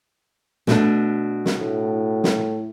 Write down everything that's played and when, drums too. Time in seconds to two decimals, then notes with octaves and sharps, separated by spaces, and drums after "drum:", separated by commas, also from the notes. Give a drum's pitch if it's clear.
0.67 B2 A3 D4, drum: snare
1.46 drum: snare
1.60 A2
2.24 drum: snare